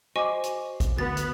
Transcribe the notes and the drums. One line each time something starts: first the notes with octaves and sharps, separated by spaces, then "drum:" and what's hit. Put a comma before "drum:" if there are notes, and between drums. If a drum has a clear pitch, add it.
F#4 G#4 C5 D#5 G#5 C#6 D6
drum: hi-hat
drum: kick, hi-hat
D2 B3 F#4 B5 A6
drum: hi-hat